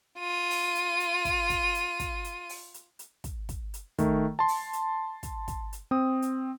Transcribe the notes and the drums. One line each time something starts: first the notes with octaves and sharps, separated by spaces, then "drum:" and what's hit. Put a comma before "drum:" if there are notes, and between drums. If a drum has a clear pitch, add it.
F4 D#7
drum: open hi-hat
drum: hi-hat
drum: hi-hat
drum: kick, hi-hat
drum: kick, hi-hat
drum: hi-hat
drum: kick, hi-hat
drum: hi-hat
drum: open hi-hat
drum: hi-hat
drum: hi-hat
drum: kick, hi-hat
drum: kick, hi-hat
drum: hi-hat
D#3 A3, drum: kick, hi-hat
A5 C6
drum: open hi-hat
drum: hi-hat
drum: kick, hi-hat
drum: kick, hi-hat
drum: hi-hat
C4 D#6
drum: hi-hat